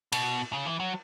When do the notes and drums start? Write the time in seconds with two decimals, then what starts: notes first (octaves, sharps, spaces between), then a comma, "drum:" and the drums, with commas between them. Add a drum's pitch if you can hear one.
0.12 B2, drum: cymbal
0.53 C#3
0.66 E3
0.80 F#3